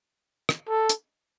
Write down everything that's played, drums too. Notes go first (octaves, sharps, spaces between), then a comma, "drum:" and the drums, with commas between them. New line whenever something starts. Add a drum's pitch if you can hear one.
drum: rim click
A4
drum: hi-hat